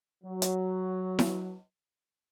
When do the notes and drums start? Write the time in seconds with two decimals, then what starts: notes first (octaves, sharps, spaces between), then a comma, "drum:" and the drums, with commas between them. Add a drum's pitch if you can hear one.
0.24 F#3
0.42 drum: hi-hat
1.19 drum: snare E4